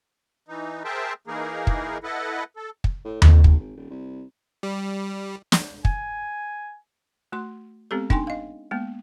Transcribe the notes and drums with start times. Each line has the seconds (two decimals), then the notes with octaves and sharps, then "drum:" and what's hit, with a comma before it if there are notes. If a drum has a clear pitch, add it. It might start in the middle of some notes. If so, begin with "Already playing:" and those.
0.48 E3 D#4
0.85 G#4 A#4 C5 E5 G5 A5
1.27 E3 A#3 D#4 G#4 A#4
1.67 drum: kick
2.04 E4 A4 B4 D#5 F#5
2.56 A4
2.84 drum: kick
3.05 A2
3.22 F2, drum: tom D#2
3.44 B1, drum: kick
3.59 G#1
3.77 D#1
3.90 C2
4.63 G3
5.52 drum: snare
5.85 G#5, drum: kick
7.32 A3 F#4 C6
7.91 G#3 B3 C4 G4 A4
8.10 D4 D#4 G5 G#5 C6, drum: kick
8.27 D#5 F5
8.71 G#3 A#3 B3